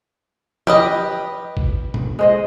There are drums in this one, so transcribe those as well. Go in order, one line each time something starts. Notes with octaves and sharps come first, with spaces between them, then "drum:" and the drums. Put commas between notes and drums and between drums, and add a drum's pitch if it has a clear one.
G4 B4 D#5, drum: tom F3
drum: kick A1
drum: tom
G#3 C5 D#5